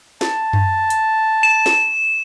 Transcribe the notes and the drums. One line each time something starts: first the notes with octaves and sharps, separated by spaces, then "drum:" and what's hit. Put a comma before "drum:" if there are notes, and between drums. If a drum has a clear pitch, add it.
A5, drum: snare
drum: tom F#2
drum: hi-hat
E7
drum: snare